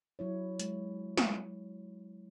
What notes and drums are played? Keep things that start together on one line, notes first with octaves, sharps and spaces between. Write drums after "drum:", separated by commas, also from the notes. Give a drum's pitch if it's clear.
F#3 E4 C#5
G#3, drum: hi-hat
drum: snare